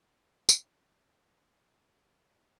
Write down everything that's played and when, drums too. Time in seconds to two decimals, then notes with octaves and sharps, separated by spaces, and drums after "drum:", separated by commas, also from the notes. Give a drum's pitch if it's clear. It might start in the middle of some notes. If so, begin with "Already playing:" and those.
0.01 B5 C#6 D6 E6 F6
0.49 drum: tambourine